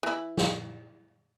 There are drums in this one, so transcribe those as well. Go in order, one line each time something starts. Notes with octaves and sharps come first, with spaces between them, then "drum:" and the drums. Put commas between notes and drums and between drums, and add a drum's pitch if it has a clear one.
E3 E4
drum: snare